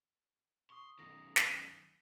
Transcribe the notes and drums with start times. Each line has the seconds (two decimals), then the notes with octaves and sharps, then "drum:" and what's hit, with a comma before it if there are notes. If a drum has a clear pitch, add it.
0.70 C6 C#6 D#6
0.99 F#2 D#3 D#6 A#6
1.36 drum: snare